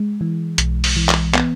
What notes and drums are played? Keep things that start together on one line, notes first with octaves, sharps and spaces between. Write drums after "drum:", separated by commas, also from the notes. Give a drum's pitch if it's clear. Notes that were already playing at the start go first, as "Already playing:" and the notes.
Already playing: G#3
E3
B1, drum: hi-hat
drum: open hi-hat
E3
drum: clap
B3, drum: clap